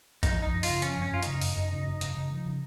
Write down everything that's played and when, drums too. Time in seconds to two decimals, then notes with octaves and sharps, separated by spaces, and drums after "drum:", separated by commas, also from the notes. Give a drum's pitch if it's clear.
0.23 F3 D#4, drum: kick A#1, hi-hat
0.38 F3 D#4
0.52 F#2
0.63 C#3 F4, drum: open hi-hat
0.82 F3 C#4, drum: hi-hat
0.97 F#2 C#4
1.12 F#2 F4
1.22 C#3 D#4, drum: hi-hat
1.41 F#2, drum: open hi-hat
1.56 F#2
1.71 C#3
1.86 F#2
2.01 C#3, drum: hi-hat
2.15 C#3
2.30 F3
2.46 C#3